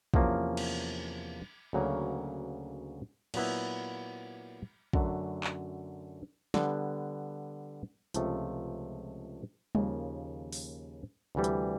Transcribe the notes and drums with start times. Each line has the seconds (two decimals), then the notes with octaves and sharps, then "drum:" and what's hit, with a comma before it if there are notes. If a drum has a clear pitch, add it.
0.14 E2 C3 F3 A#3 C#4, drum: kick
0.57 drum: cymbal
1.73 D2 C#3 F#3 A#3 C#4
3.34 A#2 F#3 B3 E4, drum: cymbal
4.93 F#2 D3 F#3 A3, drum: kick
5.44 drum: clap
6.54 D3 G3 B3, drum: snare
8.14 C#2 C3 F3 A3, drum: hi-hat
9.75 D#2 C#3 F3 A#3, drum: tom G3
10.53 drum: open hi-hat
11.35 D2 C3 E3 G3
11.44 drum: hi-hat